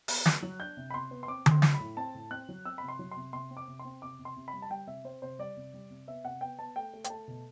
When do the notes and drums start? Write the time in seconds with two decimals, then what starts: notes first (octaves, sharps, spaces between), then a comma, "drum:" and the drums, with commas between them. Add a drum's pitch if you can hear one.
0.08 B3, drum: open hi-hat
0.26 F#3 F#6, drum: snare
0.43 F#3
0.60 D4 G6
0.77 C3
0.90 B5
0.94 C3 C6
1.11 B3
1.23 C6
1.28 C4 D6
1.46 C4, drum: tom D3
1.51 C6
1.62 F#3, drum: snare
1.74 B5
1.80 A2
1.97 C4 A5
2.15 A2
2.30 C4 F#6
2.49 F#3
2.65 C4 E6
2.78 C3 B5
2.88 C6
2.99 F#3
3.11 C6
3.17 C3
3.33 C3 C6
3.51 C4
3.57 D6
3.68 C3
3.79 C6
3.85 C4
4.02 C3 D6
4.19 C3
4.25 C6
4.36 C3
4.48 B5
4.53 G3
4.62 A5
4.70 G3 G5
4.87 C3 E5
5.04 C4 C5
5.22 C3 C5
5.39 G3 D5
5.57 C3
5.73 G3
5.90 C3
6.07 B3 E5
6.25 C3 F#5
6.41 B3 G5
6.59 B3 A5
6.76 A3 G5
6.94 A3
7.04 G5, drum: hi-hat
7.10 A3 A5
7.28 B2